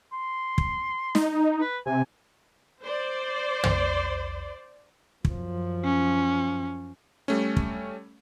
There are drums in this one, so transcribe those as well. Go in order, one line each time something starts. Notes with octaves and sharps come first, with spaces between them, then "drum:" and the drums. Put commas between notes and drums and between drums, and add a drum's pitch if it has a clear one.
C6
drum: kick
D#4, drum: snare
B4
C3 G#5
C5 D5
drum: tom
F#2 F3, drum: kick
C#4
G3 A3 C#4
drum: kick